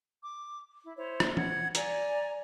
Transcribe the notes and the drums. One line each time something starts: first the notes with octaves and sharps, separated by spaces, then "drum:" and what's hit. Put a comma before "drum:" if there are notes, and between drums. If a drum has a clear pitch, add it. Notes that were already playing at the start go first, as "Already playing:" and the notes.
D6
E4
E4 C5 C#5
drum: rim click
F#5 G#6, drum: tom E3
D5 G#5 A#5, drum: hi-hat